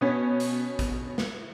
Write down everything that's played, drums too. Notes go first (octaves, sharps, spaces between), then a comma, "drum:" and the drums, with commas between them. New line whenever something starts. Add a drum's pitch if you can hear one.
B2 B3 C#4
drum: hi-hat
drum: kick A1, hi-hat
drum: snare